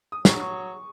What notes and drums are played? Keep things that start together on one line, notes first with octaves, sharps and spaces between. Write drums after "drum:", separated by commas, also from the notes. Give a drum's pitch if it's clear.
D#6
F#3 C#6, drum: snare
C#6